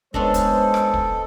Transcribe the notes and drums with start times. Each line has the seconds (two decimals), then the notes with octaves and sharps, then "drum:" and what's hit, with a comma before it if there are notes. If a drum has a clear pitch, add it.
0.14 G#3 B3 C#4 D4 A4 C5, drum: kick
0.34 drum: kick, hi-hat
0.74 drum: rim click
0.94 drum: kick